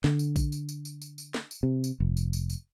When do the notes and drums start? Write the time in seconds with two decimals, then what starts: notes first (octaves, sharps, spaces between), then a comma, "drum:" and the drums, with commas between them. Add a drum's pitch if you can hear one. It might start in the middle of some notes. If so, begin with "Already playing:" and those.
0.04 D3, drum: snare
0.19 drum: tambourine
0.36 drum: kick A#1, tambourine
0.52 drum: tambourine
0.69 drum: tambourine
0.85 drum: tambourine
1.02 drum: tambourine
1.18 drum: tambourine
1.34 drum: snare
1.51 drum: tambourine
1.63 C3
1.84 drum: tambourine
2.00 F1
2.17 drum: tambourine
2.33 drum: tambourine
2.50 drum: tambourine